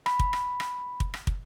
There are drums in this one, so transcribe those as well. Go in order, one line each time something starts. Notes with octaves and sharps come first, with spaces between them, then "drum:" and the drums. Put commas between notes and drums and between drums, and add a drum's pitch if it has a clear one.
B5, drum: rim click
drum: kick
drum: rim click
drum: rim click
drum: kick
drum: rim click
drum: kick